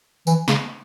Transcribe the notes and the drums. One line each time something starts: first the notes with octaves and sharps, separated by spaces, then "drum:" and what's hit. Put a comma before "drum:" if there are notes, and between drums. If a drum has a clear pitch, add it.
E3, drum: tambourine
C#3, drum: snare